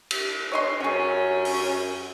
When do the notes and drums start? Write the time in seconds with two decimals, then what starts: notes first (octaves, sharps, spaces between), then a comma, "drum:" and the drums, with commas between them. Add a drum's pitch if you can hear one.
0.11 drum: cymbal
0.52 C#5 D#5 C6
0.80 F#2 C#4 G#4 C#5
1.45 drum: open hi-hat